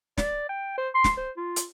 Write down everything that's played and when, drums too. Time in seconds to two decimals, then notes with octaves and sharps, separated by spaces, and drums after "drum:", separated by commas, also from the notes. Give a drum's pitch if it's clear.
0.18 D5, drum: snare
0.49 G5
0.78 C5
0.95 C6
1.04 drum: snare
1.17 C5
1.37 F4
1.56 drum: hi-hat